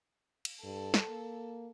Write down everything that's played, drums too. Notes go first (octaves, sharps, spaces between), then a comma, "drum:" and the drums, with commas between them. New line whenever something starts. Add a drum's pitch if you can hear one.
drum: cymbal
G2 A4
drum: snare
A#3